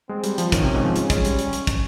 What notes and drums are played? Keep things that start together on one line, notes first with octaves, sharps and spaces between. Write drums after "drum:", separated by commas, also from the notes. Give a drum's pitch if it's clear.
G#3 C4
G3, drum: hi-hat
F3, drum: hi-hat
D#3 C#4, drum: kick, hi-hat
C3
G#2
F3
G#3 C#4, drum: hi-hat
G#3, drum: kick, hi-hat
G3, drum: hi-hat
drum: hi-hat
drum: hi-hat
drum: kick, hi-hat